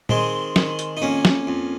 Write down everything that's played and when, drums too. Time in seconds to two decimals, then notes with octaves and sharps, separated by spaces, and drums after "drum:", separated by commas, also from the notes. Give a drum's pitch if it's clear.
0.09 D#3 G#3 C4, drum: tom A#2
0.56 D#3, drum: snare
0.79 drum: hi-hat
0.97 D#4
1.02 F2 A#3 C#4
1.25 drum: snare
1.47 F2